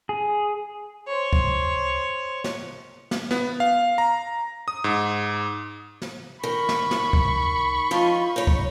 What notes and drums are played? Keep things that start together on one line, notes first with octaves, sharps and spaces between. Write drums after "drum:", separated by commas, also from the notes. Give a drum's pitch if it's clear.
G#4
C5 C#5
drum: kick C#2
drum: snare
drum: snare
B3, drum: snare
F5
A#5
D#6
G#2
drum: snare
D#3 B5 C#6
drum: snare
drum: snare
drum: kick C#2
F3 F4 D#5
D#4 C#5
drum: kick C#2